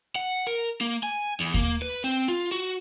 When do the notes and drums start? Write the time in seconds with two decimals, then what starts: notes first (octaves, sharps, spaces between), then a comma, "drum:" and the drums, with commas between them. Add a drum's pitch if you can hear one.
0.16 F#5
0.47 A#4
0.81 A#3
1.03 G#5
1.40 E2
1.54 A#3, drum: kick D#2
1.82 B4
2.04 C4
2.28 F4
2.51 F#4